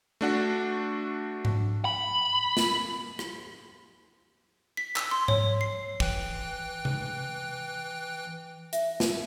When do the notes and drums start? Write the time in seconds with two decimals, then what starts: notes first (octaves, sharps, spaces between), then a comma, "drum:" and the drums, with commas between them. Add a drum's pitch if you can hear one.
0.21 A3 D4 F#4
1.45 drum: tom G#2
1.85 B5
2.57 drum: snare
3.19 drum: rim click
4.77 B6
4.96 E6, drum: clap
5.11 C6
5.28 C#5, drum: tom G#2
5.61 C7
6.00 E3 G5 F#6, drum: kick
6.85 drum: tom C3
8.73 E5, drum: hi-hat
9.00 drum: snare